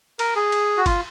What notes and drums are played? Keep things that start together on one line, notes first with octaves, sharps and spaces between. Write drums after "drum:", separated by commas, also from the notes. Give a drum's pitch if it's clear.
A#4, drum: cymbal
G#4
drum: cymbal
F#4
F4, drum: kick, cymbal